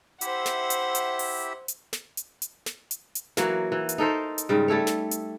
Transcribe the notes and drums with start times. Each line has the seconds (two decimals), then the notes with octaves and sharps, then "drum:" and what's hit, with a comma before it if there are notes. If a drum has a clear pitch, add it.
0.21 E4 G4 C5 E5 F#5, drum: hi-hat
0.46 drum: snare
0.70 drum: hi-hat
0.95 drum: hi-hat
1.19 drum: open hi-hat
1.68 drum: hi-hat
1.93 drum: snare
2.17 drum: hi-hat
2.42 drum: hi-hat
2.66 drum: snare
2.91 drum: hi-hat
3.15 drum: hi-hat
3.37 E3 F#3 A#3 F#4, drum: snare
3.72 E3
3.89 drum: hi-hat
3.98 D#4 A4 A#4 C5
4.38 drum: hi-hat
4.49 G#2 C#3 G3
4.68 G3 A3 A4 C#5
4.87 drum: snare
5.11 drum: hi-hat